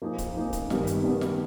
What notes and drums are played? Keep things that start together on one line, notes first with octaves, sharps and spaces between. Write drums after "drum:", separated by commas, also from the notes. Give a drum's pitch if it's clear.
F3 A#3 D#4 G#4
drum: kick D1, hi-hat
F3 A#3 D#4 G#4
drum: kick D1, hi-hat
G2 D#3 G3 B3, drum: snare
drum: hi-hat
G2 D#3 G3 B3
drum: snare